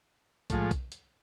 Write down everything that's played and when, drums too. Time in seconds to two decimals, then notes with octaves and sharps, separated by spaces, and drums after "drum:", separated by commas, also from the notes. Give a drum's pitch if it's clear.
0.50 A2 F3 G#3, drum: kick, hi-hat
0.71 drum: kick, hi-hat
0.92 drum: hi-hat